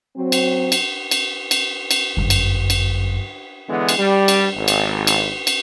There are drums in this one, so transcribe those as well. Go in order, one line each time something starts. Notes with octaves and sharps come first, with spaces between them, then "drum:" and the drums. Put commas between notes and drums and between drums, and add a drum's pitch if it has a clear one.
F#3 C4
drum: cymbal
drum: cymbal
drum: cymbal
drum: cymbal
drum: cymbal
G1 F#2
drum: cymbal
drum: cymbal
D3 E3 G#3 B3
drum: cymbal
G3
drum: cymbal
G#1
drum: cymbal
drum: cymbal
drum: cymbal